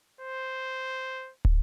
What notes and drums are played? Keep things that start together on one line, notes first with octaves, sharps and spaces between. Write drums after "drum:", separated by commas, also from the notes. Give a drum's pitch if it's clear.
C5
drum: kick